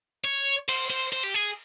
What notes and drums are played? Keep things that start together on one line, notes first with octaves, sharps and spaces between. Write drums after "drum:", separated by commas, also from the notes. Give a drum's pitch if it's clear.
C#5
C5, drum: cymbal
C5
C5
G4
G#4